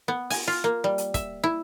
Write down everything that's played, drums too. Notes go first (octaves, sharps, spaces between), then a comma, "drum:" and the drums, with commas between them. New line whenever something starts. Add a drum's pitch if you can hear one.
B3
G#5, drum: open hi-hat
F4
A#3
G3
drum: hi-hat
E5, drum: kick, hi-hat
E4